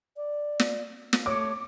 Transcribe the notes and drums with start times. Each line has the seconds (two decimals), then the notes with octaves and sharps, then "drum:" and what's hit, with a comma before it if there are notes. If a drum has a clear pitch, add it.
0.17 D5
0.59 drum: snare
1.13 drum: snare
1.26 A3 C#5 D6